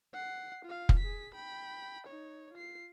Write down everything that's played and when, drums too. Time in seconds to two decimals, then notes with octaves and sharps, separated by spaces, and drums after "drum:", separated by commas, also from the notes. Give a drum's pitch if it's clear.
0.13 F#5 C7
0.65 F4 F5
0.89 drum: kick
0.99 G#4 B6
1.35 G5 B5
2.07 D#4 C#5
2.53 F4 C7